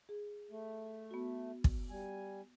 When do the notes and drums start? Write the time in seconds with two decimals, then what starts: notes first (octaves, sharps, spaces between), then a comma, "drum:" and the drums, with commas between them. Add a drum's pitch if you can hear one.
0.09 G#4
0.51 A3
1.11 B3 F#4
1.64 drum: kick
1.90 G3 G#5